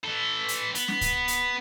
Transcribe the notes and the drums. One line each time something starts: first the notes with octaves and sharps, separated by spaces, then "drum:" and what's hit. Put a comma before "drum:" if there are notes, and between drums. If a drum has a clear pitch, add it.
E3 A4
drum: hi-hat
B3, drum: hi-hat
drum: snare
drum: kick C2, hi-hat
drum: hi-hat